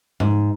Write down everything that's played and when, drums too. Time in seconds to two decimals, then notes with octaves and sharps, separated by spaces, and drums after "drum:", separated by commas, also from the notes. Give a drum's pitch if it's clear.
0.20 G#2, drum: tom F2